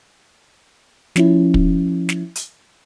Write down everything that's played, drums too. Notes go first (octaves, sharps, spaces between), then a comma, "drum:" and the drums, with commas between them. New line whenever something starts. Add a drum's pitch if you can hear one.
F3 C#4 E4, drum: snare
drum: kick
drum: snare
drum: hi-hat